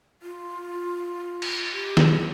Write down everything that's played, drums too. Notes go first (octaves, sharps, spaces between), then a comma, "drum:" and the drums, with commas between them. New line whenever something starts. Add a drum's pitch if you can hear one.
F4
drum: cymbal
G4
G#4, drum: snare